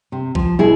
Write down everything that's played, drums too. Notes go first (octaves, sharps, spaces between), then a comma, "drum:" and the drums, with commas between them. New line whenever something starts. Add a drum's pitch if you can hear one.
C3
F3, drum: kick A#1
B2 E4 G#4